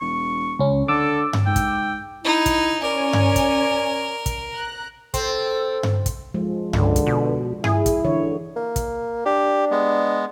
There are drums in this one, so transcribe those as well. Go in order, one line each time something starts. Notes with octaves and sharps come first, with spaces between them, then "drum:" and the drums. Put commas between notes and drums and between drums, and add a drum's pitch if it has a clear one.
E1 C#6
C#2 C#4
D3 A4 D6 E6
drum: tom G2
G#2 G5
drum: kick, hi-hat
D#4 E4
drum: kick, hi-hat
C#4 A#4 C#5 D5 G#5
drum: tom G2
drum: kick, hi-hat
drum: kick, hi-hat
A#5 F#6
C4 A4, drum: kick, hi-hat
drum: tom G2
drum: kick, hi-hat
F3 G#3
C#2 D3, drum: tom G2
drum: kick, hi-hat
B2
E4 G#4, drum: tom G2
drum: kick, hi-hat
D3 E3 C#5
A#3
drum: kick, hi-hat
D4 G4
G#3 B3